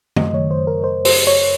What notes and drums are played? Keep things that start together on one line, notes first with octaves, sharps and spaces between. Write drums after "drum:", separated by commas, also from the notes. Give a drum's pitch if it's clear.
F#2 C#3 F#3 A3 D#5, drum: tom D#3
C#5
C5
A#4
C5
C5, drum: open hi-hat
C#5